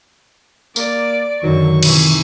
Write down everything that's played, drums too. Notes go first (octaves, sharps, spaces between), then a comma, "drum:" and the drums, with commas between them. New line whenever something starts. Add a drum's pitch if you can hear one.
A#3 D5, drum: tambourine
F#2 D3 D#3 F#3 C#6
C3 E3, drum: cymbal